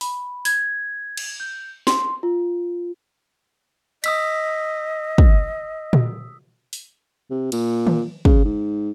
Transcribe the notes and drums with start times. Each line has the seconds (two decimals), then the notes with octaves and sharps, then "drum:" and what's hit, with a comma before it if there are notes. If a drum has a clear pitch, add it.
0.01 B5, drum: open hi-hat
0.45 G#6, drum: open hi-hat
1.17 drum: cymbal
1.40 G6
1.87 C6, drum: snare
2.23 F4
4.04 D#5 D#6 E6 B6, drum: cymbal
5.18 drum: kick
5.93 drum: tom A#2
6.73 drum: open hi-hat
7.30 C3
7.52 A#2, drum: cymbal
7.87 drum: tom D#3
8.25 C#3, drum: kick
8.44 G#2